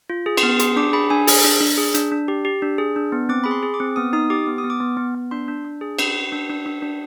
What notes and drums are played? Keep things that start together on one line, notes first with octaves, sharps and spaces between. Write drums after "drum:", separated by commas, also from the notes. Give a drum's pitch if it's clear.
F4
G#4
C6, drum: cymbal
B3
G#4 C6, drum: hi-hat
D4 D6
G#4 B5
D4 G#5
G#4, drum: open hi-hat
D4
D4
G#4
D4, drum: hi-hat
D4
G4
G4
D4
G#4
D4
B3
C4 D6
G#4 B5
C6
G#4
D6
C4
B3 D#6
D#4 D#6
G4 D6
B3 D6
D#6
B3
D6
B3
B3
B3
D4 C6
D4
D4
G#4
D4 B5, drum: cymbal
D4
D4
D4
D4
D4